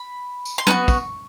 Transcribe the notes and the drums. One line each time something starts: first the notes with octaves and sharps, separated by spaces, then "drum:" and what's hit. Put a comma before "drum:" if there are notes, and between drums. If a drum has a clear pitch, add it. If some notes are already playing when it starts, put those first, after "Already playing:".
Already playing: B5
drum: tambourine
C6
B3 D4 F#4 C#6, drum: tom F#3
drum: kick, tambourine